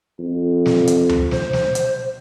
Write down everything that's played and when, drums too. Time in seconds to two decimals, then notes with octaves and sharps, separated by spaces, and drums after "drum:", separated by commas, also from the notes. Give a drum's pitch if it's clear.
0.19 F2
0.66 drum: snare
0.87 drum: hi-hat
1.09 drum: tom D2
1.31 C5, drum: snare
1.53 drum: snare
1.75 drum: hi-hat